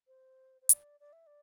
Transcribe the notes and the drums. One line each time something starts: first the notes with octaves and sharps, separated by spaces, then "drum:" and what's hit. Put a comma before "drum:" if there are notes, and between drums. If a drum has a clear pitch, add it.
C5
C5
D5, drum: hi-hat
D5
E5
D5